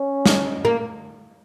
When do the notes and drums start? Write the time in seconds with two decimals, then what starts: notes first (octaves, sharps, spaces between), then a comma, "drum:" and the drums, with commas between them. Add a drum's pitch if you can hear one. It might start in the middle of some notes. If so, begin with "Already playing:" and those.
Already playing: C#4
0.26 drum: snare
0.65 A#3